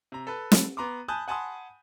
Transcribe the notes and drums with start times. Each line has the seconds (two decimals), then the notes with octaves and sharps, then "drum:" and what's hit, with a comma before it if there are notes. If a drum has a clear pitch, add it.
0.12 C3 A#5
0.27 A4 B4
0.52 drum: snare
0.77 B3 A#5 C6 D6
1.08 G#5 A5 B5 D#6 F#6 G6
1.28 F#5 G#5 A5 B5 C6 D#6